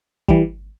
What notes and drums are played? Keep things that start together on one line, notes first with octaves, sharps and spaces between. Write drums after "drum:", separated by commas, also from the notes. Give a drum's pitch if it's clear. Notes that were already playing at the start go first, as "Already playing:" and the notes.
E3 G3, drum: kick